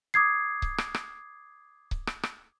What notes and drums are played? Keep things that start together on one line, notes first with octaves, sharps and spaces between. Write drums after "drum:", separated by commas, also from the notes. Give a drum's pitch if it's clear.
D6 D#6 G#6 C7
drum: kick C#1
drum: rim click
drum: rim click
drum: kick C#1
drum: rim click
drum: rim click